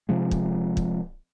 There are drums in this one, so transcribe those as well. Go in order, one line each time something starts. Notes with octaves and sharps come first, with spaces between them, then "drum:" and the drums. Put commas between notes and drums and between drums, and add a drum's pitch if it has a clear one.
C3 F3 G#3
drum: kick
drum: kick